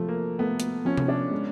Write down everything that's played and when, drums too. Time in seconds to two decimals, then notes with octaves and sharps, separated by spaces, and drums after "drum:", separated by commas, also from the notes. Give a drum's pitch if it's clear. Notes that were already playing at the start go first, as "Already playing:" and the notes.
Already playing: C3 F3 A3
0.08 A#3
0.39 A3 B3
0.60 drum: hi-hat
0.85 F3 C#4
0.98 drum: tom C3
1.08 D4
1.31 G#3